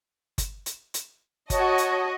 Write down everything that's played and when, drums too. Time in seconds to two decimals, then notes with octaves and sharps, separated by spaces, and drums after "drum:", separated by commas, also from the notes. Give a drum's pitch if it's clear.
0.38 drum: kick G1, hi-hat
0.66 drum: hi-hat
0.94 drum: hi-hat
1.50 F#4 C#5 D#5 A5 D#6, drum: kick G1, hi-hat
1.78 drum: hi-hat